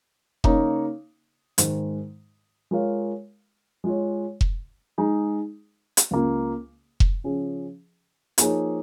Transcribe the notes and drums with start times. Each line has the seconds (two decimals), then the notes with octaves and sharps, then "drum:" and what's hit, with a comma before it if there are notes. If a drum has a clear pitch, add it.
0.44 C#3 A#3 D#4 C#5, drum: kick F1
1.58 G#2 D#3 G#3, drum: hi-hat
2.71 G#3 F4 A#4 C#5 F5
3.84 G#3 F4 C#5
4.41 drum: kick F1
4.98 G#3 D#4 G#4
5.97 drum: hi-hat
6.11 C#2 C#3 A#3 F4
7.00 drum: kick F1
7.24 C#3 F3 C#4 G#4
8.38 F3 A#3 D#4 G#4 C#5, drum: hi-hat